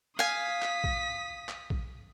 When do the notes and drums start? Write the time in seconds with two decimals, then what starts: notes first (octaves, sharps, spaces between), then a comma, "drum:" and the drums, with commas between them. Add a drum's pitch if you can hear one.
0.19 F5 G#5 D#6 B6
0.62 drum: clap
0.84 drum: kick
1.49 drum: clap
1.70 drum: kick